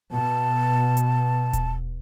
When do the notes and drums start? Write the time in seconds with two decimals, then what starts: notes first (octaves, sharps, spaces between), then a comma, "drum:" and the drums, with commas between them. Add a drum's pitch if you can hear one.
0.12 B2 A5
0.97 drum: hi-hat
1.53 drum: kick D#1, hi-hat